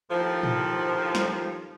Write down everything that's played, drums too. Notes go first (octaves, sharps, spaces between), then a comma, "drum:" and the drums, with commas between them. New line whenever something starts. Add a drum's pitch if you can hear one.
D#2 A2 F3
drum: tom A2
drum: snare